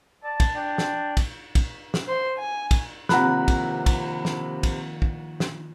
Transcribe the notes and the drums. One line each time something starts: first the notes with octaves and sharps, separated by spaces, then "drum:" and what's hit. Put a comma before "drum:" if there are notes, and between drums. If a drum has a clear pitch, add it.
D5 A5
drum: kick, cymbal
D4 G5
drum: snare
drum: kick, cymbal
drum: kick, cymbal
drum: snare
C5 C6
G#5
drum: kick, cymbal
C3 D#3 F3 A#3 F#5 A#5 B5 F#6, drum: snare
drum: kick, cymbal
drum: kick, cymbal
drum: snare
drum: kick, cymbal
drum: kick
drum: snare